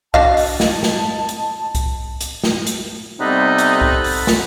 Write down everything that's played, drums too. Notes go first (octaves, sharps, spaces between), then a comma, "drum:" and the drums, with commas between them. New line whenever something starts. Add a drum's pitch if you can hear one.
D4 F#4 D#5 F5 A5, drum: kick C2
drum: open hi-hat
drum: snare
drum: snare
drum: hi-hat
drum: kick C2, hi-hat
drum: hi-hat
drum: snare
drum: hi-hat
C3 G3 B3 D#4 A4 F#5 B5
drum: hi-hat
drum: kick C2
drum: open hi-hat
drum: snare